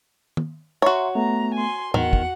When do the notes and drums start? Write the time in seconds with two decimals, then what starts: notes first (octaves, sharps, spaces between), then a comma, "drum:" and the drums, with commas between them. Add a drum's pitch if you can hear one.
0.37 drum: tom D#3
0.82 F#4 C#5 E5 A#5 C6
1.15 A3 B3 A#5
1.54 G#5 C6
1.94 E2 D#3 F#4 F#5, drum: tom A2
2.13 drum: kick